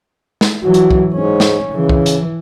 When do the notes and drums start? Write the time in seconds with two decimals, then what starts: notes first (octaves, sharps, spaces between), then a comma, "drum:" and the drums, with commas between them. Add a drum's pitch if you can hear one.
0.41 drum: snare
0.64 E3 F#3 F#4
0.74 drum: hi-hat
0.91 drum: kick
1.15 G#2 C#4
1.40 drum: snare
1.73 C#3 E3
1.89 drum: kick
2.06 drum: hi-hat